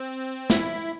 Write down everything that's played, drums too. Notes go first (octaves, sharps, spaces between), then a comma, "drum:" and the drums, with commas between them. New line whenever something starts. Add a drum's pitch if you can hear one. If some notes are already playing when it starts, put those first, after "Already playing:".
Already playing: C4
E4, drum: snare